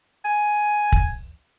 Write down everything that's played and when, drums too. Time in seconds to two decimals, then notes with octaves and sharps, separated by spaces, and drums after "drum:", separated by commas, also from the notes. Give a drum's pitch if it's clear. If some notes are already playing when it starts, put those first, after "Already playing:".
0.25 G#5
0.92 drum: kick